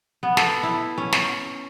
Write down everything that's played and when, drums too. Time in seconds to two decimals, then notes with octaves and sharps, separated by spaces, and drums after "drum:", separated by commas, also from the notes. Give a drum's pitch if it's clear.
0.23 B3
0.37 A4, drum: snare
0.63 E4
0.98 C#4
1.12 drum: snare